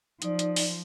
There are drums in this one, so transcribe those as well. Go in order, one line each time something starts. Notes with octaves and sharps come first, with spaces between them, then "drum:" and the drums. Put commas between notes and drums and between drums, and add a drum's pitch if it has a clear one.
F3 D#4 D5, drum: hi-hat
drum: hi-hat
drum: open hi-hat